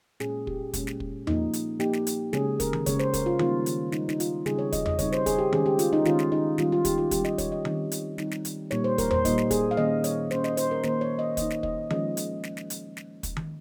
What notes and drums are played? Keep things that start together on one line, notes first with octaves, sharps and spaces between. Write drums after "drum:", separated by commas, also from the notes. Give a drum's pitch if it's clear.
A#2 G#3 C#4 G#4, drum: snare
G4, drum: kick
A#2 G#3 C#4, drum: kick, hi-hat
drum: snare
drum: kick
F3 A#3 D#4, drum: tom E2
drum: hi-hat
F3 A#3 D#4 G4, drum: snare
drum: snare
drum: hi-hat
C#3 G#3 C#4 G#4, drum: snare
A#4, drum: kick, hi-hat
drum: tom D#3
C#3 G#3 C#4 C#5, drum: kick, hi-hat
C5, drum: snare
A#4, drum: kick, hi-hat
F4
D#3 G3 A#3 C#4 F4, drum: tom D#3
drum: hi-hat
D#3 G3 A#3 C#4 D#4, drum: snare
D#4, drum: snare
F4, drum: hi-hat
C#3 G3 C4 D#4 G#4, drum: snare
C#5
D#5, drum: kick, hi-hat
D#5, drum: tom E2
C#3 G3 C4 D#4 C#5, drum: kick, hi-hat
C5, drum: snare
G#4, drum: kick, hi-hat
G4
D#3 G#3 C#4 G#4, drum: tom D#3
G4
F4, drum: hi-hat
D#4
D#3 G#3 C#4 F4, drum: snare
drum: snare
D#4
D#3 G3 C#4 F4, drum: snare
F4
G4, drum: kick, hi-hat
F4
D#3 G3 C#4 G4, drum: kick, hi-hat
D#5, drum: snare
C#5, drum: kick, hi-hat
D#5
D#3 G3 C4 D#4, drum: tom D#3
drum: hi-hat
D#3 G3 C4 D#4, drum: snare
drum: snare
drum: hi-hat
A#2 G3 A#3 D#4 C#5, drum: snare
C5
A#4, drum: kick, hi-hat
C5, drum: tom E2
A#2 G3 A#3 D#4 D#5, drum: kick, hi-hat
drum: snare
G#4, drum: kick, hi-hat
F5
D#3 A#3 C#4 D#5
C#5, drum: hi-hat
D#3 A#3 C#4 C5, drum: snare
D#5, drum: snare
C5, drum: hi-hat
A#4
D#3 A#3 D#4 C5, drum: snare
C#5
D#5
D#3 A#3 D#4 D#5, drum: kick, hi-hat
drum: snare
D#5, drum: kick
F3 G#3 C#4 D#5, drum: tom D#3
drum: hi-hat
drum: snare
drum: snare
drum: hi-hat
drum: snare
drum: kick, hi-hat
drum: tom D#3